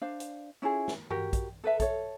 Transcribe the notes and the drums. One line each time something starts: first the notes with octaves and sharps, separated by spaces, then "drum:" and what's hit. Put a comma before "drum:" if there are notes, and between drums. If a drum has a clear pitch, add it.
D4 C5 F5
drum: hi-hat
C#4 E4 F4 G#4
drum: snare
F#4 G4 A#4, drum: tom G2
drum: kick A#1, hi-hat
A4 B4 E5
A4 C#5, drum: kick A#1, hi-hat